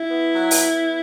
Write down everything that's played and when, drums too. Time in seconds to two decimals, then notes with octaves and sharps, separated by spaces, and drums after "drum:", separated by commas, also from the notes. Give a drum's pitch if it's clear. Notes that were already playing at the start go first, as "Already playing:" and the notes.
Already playing: E4
0.10 B3
0.31 F#3
0.51 B3, drum: open hi-hat
0.71 B3